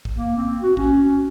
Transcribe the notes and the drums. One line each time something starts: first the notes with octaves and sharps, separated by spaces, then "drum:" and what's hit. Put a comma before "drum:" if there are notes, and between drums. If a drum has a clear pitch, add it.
drum: kick
A#3
C4
F#4
C#4, drum: kick